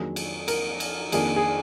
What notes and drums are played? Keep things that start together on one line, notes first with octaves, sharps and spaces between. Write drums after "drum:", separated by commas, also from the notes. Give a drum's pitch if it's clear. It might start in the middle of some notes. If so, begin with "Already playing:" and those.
Already playing: F2 D#3 F#3 A#3 D4 G#4
drum: cymbal
A#4, drum: cymbal
drum: cymbal
F2 D#3 A#3 D4 G#4, drum: cymbal
G#4